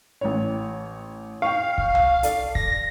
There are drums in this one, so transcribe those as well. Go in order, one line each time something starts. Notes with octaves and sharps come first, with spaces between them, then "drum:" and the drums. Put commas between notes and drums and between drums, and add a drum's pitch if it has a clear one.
A1 C#5
F5 G5 C#6
drum: kick
drum: tom C2
A4 D5, drum: hi-hat
A#6, drum: kick